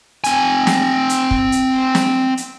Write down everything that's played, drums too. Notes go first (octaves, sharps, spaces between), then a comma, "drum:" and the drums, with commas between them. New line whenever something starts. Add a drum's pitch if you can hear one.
C4 G#5, drum: hi-hat
drum: snare
drum: hi-hat
drum: kick
drum: hi-hat
drum: snare
drum: hi-hat